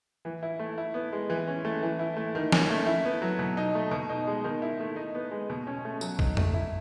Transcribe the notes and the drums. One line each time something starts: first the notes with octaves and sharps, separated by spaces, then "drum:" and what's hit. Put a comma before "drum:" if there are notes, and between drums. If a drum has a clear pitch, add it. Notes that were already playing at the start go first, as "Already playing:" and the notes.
E3
E4
A3
E4
B3
G#3
E3
C#4
A3
E3
E4
A3
D#3
C#4, drum: snare
A3
E4
B3
F#3
B2
D#4
A3
B2
D#4
G#3
D#3
E4
A3
D#4
B3
G#3
B2
C#4
A3
F#3, drum: tambourine
D#4, drum: kick
A3, drum: tom F2
E4